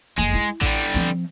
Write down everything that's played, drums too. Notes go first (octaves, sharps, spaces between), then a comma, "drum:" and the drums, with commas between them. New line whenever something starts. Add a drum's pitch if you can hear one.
F#1 F2 G#3
E4
D3 G3, drum: kick A1, hi-hat
drum: hi-hat
F3 C4